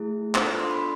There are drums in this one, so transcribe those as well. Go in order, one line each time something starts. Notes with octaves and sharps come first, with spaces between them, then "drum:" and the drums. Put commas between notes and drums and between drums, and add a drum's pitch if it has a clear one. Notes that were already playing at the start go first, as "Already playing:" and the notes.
Already playing: A3 E4 G#4
B3 D4 F4 A4 C5, drum: clap
D5
C6
B5